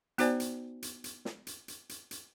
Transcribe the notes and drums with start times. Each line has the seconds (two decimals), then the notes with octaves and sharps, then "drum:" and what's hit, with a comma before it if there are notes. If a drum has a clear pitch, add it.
0.18 B3 D#4 F#4 C5 D5 G#5, drum: hi-hat
0.40 drum: hi-hat
0.82 drum: hi-hat
1.04 drum: hi-hat
1.25 drum: snare
1.47 drum: hi-hat
1.68 drum: hi-hat
1.89 drum: hi-hat
2.11 drum: hi-hat